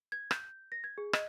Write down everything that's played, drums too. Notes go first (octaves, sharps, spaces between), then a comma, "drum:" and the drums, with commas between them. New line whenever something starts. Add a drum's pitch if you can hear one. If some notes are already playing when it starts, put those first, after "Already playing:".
G#6
G6, drum: rim click
A#6
G#6
G#4
D#5, drum: rim click